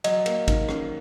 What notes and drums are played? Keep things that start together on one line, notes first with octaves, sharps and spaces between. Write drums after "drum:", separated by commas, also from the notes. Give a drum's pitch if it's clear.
F#3 D#5, drum: cymbal
A#3, drum: cymbal
D#3, drum: kick G#1, cymbal
C#4, drum: rim click